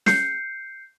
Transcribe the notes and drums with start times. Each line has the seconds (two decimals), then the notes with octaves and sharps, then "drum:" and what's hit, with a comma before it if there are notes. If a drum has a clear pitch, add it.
0.06 G6 C7 C#7, drum: snare